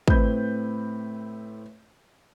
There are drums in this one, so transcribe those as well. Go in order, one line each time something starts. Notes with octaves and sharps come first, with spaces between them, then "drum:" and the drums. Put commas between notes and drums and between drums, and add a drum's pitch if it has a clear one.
A2 C4 B4 B5 G6, drum: kick